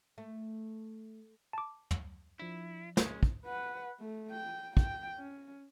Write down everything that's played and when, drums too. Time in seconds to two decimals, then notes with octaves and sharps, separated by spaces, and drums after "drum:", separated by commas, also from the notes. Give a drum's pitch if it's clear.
0.18 A3
1.53 A5 D6
1.91 drum: tom
2.40 F3 D4 E4
2.97 G#3 C#4, drum: snare
3.23 drum: kick
3.45 B4 F#5
4.00 A3
4.32 G5
4.77 G5, drum: kick
5.17 C#4